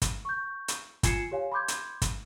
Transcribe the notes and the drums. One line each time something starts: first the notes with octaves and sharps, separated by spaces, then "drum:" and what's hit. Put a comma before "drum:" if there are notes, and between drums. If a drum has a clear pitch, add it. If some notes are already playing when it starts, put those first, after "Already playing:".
drum: kick, hi-hat
C#6 G6
drum: hi-hat
F4 G#5 G#6 C7 C#7 E7, drum: kick, hi-hat
G4 C#5 F5 G#5
B5 C6 D6 G6 G#6
drum: hi-hat
drum: kick, hi-hat